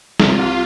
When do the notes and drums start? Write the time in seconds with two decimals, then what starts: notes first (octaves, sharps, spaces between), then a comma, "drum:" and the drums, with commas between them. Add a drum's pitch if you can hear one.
0.20 C3 F4, drum: snare
0.39 C2